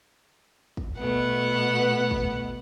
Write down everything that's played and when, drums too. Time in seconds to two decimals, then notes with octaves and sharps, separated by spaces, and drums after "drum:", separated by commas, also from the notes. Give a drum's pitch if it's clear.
0.77 drum: kick
1.00 B2 A3 B3 F#5
2.11 drum: kick